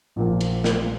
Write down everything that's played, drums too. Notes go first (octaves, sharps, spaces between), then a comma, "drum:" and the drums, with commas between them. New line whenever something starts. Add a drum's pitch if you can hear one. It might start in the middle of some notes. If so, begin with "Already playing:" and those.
A#1 A#2 F3
drum: cymbal
drum: snare